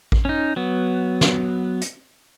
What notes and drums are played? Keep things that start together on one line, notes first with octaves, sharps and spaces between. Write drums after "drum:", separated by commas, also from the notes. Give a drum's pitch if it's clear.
drum: kick A1
C#4 D#4
F#3 B3
drum: snare
drum: hi-hat